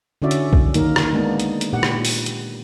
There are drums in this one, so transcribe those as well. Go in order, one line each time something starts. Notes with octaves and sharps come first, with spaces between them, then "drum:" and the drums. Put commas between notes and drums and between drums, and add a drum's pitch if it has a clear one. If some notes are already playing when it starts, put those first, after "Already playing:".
D3 C#4 E4 F#4 D5 E5
drum: hi-hat
drum: kick B1
D#3 A#3 D#4 A#4, drum: hi-hat
drum: rim click
G#3 A#3 B3 D4 D#4
drum: hi-hat
drum: hi-hat
A#2 G4 F#5
drum: rim click
drum: open hi-hat
drum: hi-hat